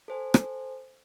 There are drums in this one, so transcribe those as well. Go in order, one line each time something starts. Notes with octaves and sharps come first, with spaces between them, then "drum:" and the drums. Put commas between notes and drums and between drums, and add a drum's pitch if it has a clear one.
A4 C5 G#5
drum: rim click